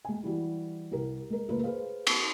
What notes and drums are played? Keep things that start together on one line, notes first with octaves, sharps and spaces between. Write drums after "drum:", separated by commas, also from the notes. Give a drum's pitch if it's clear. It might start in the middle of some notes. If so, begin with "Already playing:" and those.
G#3 G#5
E3 G3 F#4
C2 G4 A#4
G#3 A#4
C#2 A3 A#3 A#4 B4
G#4 B4 C5 F5
drum: cymbal